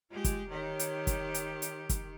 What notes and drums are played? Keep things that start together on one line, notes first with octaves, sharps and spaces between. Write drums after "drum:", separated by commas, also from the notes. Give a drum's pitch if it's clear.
G#3 F4 G4
drum: kick, hi-hat
D#3 G4 C#5
drum: hi-hat
drum: kick, hi-hat
drum: hi-hat
drum: hi-hat
drum: kick, hi-hat